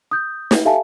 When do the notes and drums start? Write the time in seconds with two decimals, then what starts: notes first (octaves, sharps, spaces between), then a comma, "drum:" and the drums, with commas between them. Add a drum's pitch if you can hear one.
0.11 D#6 G6
0.51 drum: snare
0.65 G4 A4 E5 F5 G#5 A5